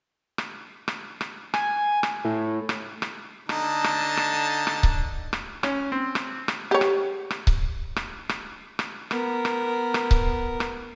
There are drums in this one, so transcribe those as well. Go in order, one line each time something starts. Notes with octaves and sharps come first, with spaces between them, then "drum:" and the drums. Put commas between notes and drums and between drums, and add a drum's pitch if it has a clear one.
drum: rim click
drum: rim click
drum: rim click
G#5, drum: rim click
drum: rim click
A2
drum: rim click
drum: rim click
D3 D#4 A5, drum: rim click
drum: rim click
drum: rim click
drum: rim click
drum: kick C#1
drum: rim click
C#4, drum: rim click
C4
drum: rim click
drum: rim click
G4 C#5
drum: rim click
drum: rim click
drum: kick C#1
drum: rim click
drum: rim click
drum: rim click
B3 A#4, drum: rim click
drum: rim click
drum: rim click
drum: kick C#1
drum: rim click